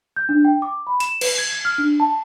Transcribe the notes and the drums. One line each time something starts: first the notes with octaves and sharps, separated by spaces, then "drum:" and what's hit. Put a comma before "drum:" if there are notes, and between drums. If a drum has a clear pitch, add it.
G6
D4
G5
D6
B5
E7, drum: hi-hat
B4, drum: cymbal
G#6
G#6
F6
D4
A5